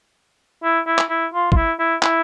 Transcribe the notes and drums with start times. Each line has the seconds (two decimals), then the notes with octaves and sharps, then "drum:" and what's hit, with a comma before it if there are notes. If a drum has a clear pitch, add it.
0.64 E4
0.87 E4
0.98 drum: clap
1.10 E4
1.34 F4
1.52 F4, drum: kick
1.56 E4
1.80 E4
2.03 E4, drum: clap